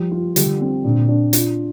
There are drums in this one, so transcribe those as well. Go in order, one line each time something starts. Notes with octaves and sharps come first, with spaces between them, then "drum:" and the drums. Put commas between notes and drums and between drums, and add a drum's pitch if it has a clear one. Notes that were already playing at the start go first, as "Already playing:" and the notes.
Already playing: F3 G3
F4
D3 G3, drum: hi-hat
C4
A#2 D4
D4
F4, drum: hi-hat